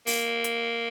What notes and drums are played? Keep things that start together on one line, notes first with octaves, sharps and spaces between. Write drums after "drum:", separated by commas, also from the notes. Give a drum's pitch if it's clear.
A#3, drum: open hi-hat
drum: hi-hat